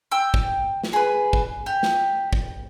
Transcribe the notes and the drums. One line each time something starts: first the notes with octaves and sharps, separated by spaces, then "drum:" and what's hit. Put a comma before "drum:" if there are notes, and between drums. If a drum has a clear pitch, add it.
G5 E6
drum: kick
drum: snare
G#4 B4
drum: kick
G4
drum: snare
drum: kick